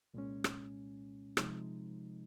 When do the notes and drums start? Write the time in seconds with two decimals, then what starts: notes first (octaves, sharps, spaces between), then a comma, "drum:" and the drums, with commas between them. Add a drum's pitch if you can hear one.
0.14 C2 A#2 G#3 C#4
0.44 drum: rim click
1.37 C3 F3 G#3 D#4, drum: rim click